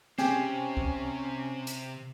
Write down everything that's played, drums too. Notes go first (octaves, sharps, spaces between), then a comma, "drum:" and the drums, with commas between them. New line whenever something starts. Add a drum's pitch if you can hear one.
C3 C#4 G4 G#4 C5, drum: snare
drum: kick C2
drum: hi-hat